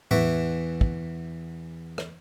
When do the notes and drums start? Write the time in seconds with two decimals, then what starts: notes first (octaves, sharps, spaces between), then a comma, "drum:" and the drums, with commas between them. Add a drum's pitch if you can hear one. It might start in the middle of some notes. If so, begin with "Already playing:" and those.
0.11 E2 E3 E5 F#5 C#6 D6, drum: tom A2
0.81 drum: kick
1.98 drum: rim click